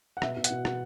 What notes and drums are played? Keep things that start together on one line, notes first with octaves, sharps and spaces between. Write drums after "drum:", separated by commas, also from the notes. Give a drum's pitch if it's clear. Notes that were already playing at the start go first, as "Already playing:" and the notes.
F#5
B2 E5, drum: rim click
B2
F#5, drum: hi-hat
B2
B2 F#5, drum: rim click